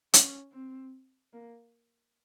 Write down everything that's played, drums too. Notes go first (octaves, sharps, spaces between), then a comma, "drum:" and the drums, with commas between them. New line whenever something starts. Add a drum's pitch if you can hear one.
C#4, drum: hi-hat
C4
A#3